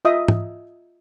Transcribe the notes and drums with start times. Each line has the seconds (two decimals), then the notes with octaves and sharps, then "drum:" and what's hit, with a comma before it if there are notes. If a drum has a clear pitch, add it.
0.05 F4 D#5 E5 D#6
0.28 drum: tom G#2